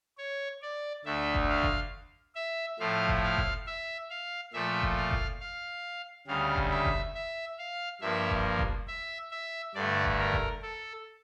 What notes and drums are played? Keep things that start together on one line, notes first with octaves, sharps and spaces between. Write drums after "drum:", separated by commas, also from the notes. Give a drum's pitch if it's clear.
C#5
D5
D2 D3 A3 E5
drum: kick F#1
F5
drum: kick F#1
E5
A2 F3 A3 F5
drum: kick F#1
F5
drum: kick F#1
E5
F5
A#2 F3 A3 E5
drum: kick F#1
F5
drum: kick F#1
F5
D2 C#3 G3 F5
drum: kick F#1
E5
drum: kick F#1
E5
F5
G2 F3 A#3 E5
drum: kick F#1
drum: kick F#1
E5
E5
G2 D3 A3 D5
drum: kick F#1
A#4
drum: kick F#1
A4